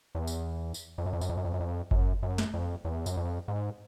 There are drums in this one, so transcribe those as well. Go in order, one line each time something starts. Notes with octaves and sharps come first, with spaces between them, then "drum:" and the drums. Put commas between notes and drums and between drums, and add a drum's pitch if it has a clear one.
E2
drum: tambourine
drum: tambourine
F2
F#2
F2
F#2, drum: tambourine
F2
F#2
F2
F#2
F2
F#2, drum: kick G1
F#2
drum: snare
F2
E2
F#2, drum: tambourine
F2
G#2